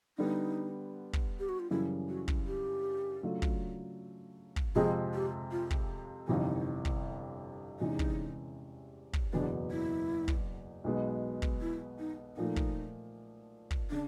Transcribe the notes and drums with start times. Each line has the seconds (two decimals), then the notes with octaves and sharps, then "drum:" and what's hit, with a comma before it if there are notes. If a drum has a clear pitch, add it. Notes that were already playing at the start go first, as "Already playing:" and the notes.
0.18 D3 G3 B3 D#4
1.13 drum: kick
1.39 G4
1.49 F#4
1.59 F4
1.71 F#2 C#3 E3 G3 E4
2.09 F#4
2.28 drum: kick
2.47 G4
3.23 C#3 F#3 A3 D4 F4
3.42 drum: kick
4.56 drum: kick
4.75 F2 C3 F3 G#3 C4 G#4
5.14 G4
5.52 F4
5.71 drum: kick
6.27 G1 F2 C3 E3 D#4
6.85 drum: kick
7.79 E2 C3 E3 G#3 C#4 D#4
7.99 drum: kick
9.13 drum: kick
9.33 F#1 E2 B2 F#3 B3 D4
9.71 E4
10.28 drum: kick
10.84 B1 B2 G#3 B3
11.42 drum: kick
11.61 E4
11.99 D#4
12.37 A#2 F3 A3 D#4
12.56 drum: kick
13.71 drum: kick
13.90 C#3 D4